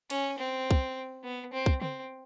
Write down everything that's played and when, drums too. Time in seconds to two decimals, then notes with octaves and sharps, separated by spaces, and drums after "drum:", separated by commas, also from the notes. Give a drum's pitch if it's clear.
0.10 C#4, drum: cymbal
0.38 C4
0.71 drum: kick
1.24 B3
1.53 C4
1.66 drum: kick
1.82 C4, drum: tom C#3